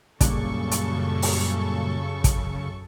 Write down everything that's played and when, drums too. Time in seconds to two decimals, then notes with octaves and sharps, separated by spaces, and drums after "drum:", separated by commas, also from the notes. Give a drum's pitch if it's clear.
0.21 F#2 A#2 C#3 G3 D4 A4 C#6, drum: kick, hi-hat
0.71 drum: hi-hat
1.22 drum: open hi-hat
2.24 drum: kick, hi-hat